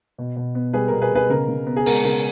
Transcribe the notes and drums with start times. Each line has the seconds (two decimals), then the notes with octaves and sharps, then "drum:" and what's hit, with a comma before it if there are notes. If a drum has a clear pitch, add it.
0.18 B2
0.36 B2
0.55 B3
0.73 G3 G#4 B4
0.88 B2 A#4
1.01 G#4 B4
1.12 B2 G#4 B4
1.30 C#3 A#4
1.49 C#3
1.67 B3
1.76 G#4
1.86 G#3 A#4, drum: open hi-hat
2.04 C#3 A#4